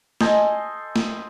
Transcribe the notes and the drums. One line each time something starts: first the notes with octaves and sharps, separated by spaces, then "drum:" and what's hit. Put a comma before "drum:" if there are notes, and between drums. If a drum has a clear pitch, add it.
A4 C5 D#5 G#5, drum: snare
drum: snare